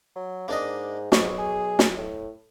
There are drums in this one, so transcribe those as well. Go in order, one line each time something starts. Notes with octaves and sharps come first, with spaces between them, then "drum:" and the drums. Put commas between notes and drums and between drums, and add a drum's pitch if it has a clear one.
F#3
G#2 A#3 D4 D#5
B1 G#2 C#6, drum: snare
G#4
drum: snare
A2